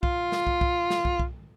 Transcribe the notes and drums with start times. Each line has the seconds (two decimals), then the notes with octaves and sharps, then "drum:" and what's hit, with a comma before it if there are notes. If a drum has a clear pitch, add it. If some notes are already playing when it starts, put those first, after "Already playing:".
0.03 F4, drum: kick
0.32 drum: snare
0.47 drum: kick
0.61 drum: kick
0.90 drum: snare
1.05 drum: kick
1.20 drum: kick